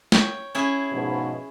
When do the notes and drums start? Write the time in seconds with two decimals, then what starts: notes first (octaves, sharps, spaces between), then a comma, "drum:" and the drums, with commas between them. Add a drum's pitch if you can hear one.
0.12 C#5 G5, drum: snare
0.55 C#4 E4 G#4
0.92 G#2 B2 F3